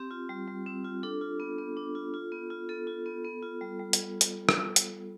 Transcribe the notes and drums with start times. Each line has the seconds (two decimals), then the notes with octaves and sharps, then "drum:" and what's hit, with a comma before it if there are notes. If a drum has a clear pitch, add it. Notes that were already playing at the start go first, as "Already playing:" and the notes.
Already playing: C4 G4
0.11 F4
0.29 G3
0.47 G3
0.66 C4
0.85 F4
1.03 D4 A4
1.21 F4
1.40 B3
1.58 B3
1.77 D4
1.95 F4
2.14 F4
2.32 B3
2.50 F4
2.69 B3 A4
2.87 F4
3.06 B3
3.24 B3
3.43 F4
3.61 G3
3.79 G3
3.93 drum: hi-hat
4.21 drum: hi-hat
4.49 drum: rim click
4.76 drum: hi-hat